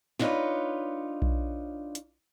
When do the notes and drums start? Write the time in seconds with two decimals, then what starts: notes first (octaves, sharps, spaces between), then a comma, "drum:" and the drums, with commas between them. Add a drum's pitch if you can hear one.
0.19 D4 D#4 F4 F#4 B4 C#5, drum: snare
1.22 drum: kick B1
1.95 drum: hi-hat